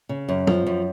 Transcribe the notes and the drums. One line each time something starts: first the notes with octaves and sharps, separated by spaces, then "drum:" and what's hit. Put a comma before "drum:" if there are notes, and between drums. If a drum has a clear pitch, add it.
C#3
F#2
F3, drum: tom
F#2